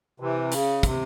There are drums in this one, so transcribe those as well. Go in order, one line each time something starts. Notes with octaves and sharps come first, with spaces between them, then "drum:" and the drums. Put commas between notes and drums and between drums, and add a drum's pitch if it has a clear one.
C3 E3
C#3, drum: hi-hat
C3, drum: kick, hi-hat